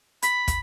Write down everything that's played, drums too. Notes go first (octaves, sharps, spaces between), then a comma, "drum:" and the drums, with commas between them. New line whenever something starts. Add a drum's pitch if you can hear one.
B5, drum: hi-hat
drum: kick, hi-hat